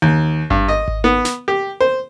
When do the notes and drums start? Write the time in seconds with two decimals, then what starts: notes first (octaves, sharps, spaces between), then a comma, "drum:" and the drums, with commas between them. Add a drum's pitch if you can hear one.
0.02 D#2
0.50 G2, drum: kick G#1
0.68 D#5
0.88 drum: kick G#1
1.04 B3, drum: tom D#4
1.25 drum: snare
1.48 G4
1.80 C5